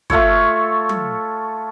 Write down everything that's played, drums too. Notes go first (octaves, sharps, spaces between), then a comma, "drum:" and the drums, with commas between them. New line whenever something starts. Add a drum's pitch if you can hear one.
A3 F4 A4 C#5, drum: kick
drum: tom F#3